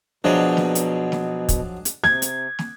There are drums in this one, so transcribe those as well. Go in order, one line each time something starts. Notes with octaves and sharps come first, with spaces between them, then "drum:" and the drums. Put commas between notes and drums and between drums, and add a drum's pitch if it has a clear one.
B2 F3 F#3 C4 D4 G#4 D#5
drum: snare
drum: hi-hat
drum: snare
drum: kick, hi-hat
drum: hi-hat
C3 G#6, drum: snare
drum: hi-hat
drum: snare